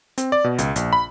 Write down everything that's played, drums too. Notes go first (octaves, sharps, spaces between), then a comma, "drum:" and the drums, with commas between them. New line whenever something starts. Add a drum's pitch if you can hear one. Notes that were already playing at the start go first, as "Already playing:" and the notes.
C4, drum: hi-hat
D5
B2
C#2, drum: hi-hat
A#1, drum: hi-hat
B5